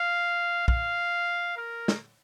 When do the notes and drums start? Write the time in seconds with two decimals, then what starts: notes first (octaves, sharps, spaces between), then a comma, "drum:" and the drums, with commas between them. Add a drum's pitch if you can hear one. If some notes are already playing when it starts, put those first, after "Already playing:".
Already playing: F5
0.68 F5, drum: kick
1.57 A#4
1.88 drum: snare